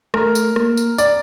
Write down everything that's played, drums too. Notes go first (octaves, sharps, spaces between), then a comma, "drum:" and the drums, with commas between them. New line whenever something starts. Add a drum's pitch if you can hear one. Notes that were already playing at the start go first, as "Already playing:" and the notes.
A3 A#4, drum: rim click
drum: tambourine
A#3, drum: rim click
drum: tambourine
D5, drum: tambourine